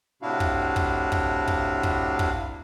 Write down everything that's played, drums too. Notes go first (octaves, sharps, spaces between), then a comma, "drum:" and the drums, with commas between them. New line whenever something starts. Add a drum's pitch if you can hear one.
A2 C3 D4 E4 F#4 F5
drum: kick
drum: kick
drum: kick
drum: kick
drum: kick
drum: kick